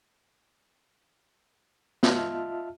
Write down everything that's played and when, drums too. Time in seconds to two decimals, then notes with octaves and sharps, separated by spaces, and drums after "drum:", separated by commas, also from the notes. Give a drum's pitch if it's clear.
2.03 F4 D#5 E5 A5 F6, drum: snare